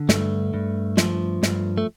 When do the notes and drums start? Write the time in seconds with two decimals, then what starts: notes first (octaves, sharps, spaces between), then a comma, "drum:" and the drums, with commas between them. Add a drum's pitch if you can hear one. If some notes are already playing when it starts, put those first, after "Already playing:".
Already playing: D3
0.09 G2 A3, drum: snare
0.54 G2
0.97 F3, drum: snare
1.43 G2, drum: snare
1.78 A3